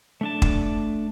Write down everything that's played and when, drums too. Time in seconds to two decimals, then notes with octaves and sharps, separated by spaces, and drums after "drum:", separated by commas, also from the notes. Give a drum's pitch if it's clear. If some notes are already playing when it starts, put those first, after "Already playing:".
0.21 A3 D4 A5
0.42 drum: kick